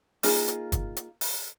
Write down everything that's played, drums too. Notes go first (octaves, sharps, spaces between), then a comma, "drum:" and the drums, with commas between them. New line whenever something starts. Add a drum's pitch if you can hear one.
A#3 D#4 F4 G#4, drum: open hi-hat
drum: hi-hat
drum: kick, hi-hat
drum: hi-hat
drum: open hi-hat